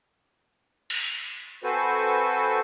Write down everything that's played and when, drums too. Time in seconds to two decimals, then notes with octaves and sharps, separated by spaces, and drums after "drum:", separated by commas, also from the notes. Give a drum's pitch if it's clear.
0.90 drum: cymbal
1.64 C4 F#4 A4 B4 C5 G#5